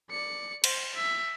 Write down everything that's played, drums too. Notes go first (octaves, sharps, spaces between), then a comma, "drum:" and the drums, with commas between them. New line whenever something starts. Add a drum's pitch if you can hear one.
D5 C#7
C5, drum: cymbal
E5